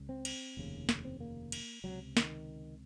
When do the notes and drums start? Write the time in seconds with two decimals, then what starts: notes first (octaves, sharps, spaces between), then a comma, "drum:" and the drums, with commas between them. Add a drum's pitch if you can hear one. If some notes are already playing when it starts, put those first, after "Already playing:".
Already playing: C#2 C#3
0.09 C4
0.25 drum: cymbal
0.57 F1 D#2 C#3
0.89 drum: snare
1.05 C4
1.20 A#3
1.52 drum: cymbal
1.84 C#2 C3 F#3
2.17 D#3, drum: snare